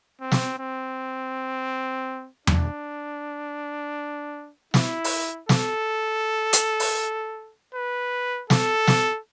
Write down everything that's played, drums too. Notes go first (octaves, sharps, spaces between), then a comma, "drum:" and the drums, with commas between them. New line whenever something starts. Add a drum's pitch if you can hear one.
C4
drum: snare
C4
D4, drum: tom E2
E4, drum: snare
drum: open hi-hat
A4, drum: snare
drum: hi-hat
drum: open hi-hat
B4
A4, drum: snare
drum: snare